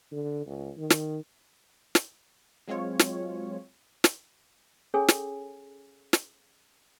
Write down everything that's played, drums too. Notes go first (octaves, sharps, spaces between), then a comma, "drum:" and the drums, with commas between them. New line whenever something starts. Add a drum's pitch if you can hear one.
D3
C#2
D#3
drum: snare
drum: snare
F#3 G#3 C4 F4 C#5
drum: snare
drum: snare
C#4 G#4 A4 C#5 G#5
drum: snare
drum: snare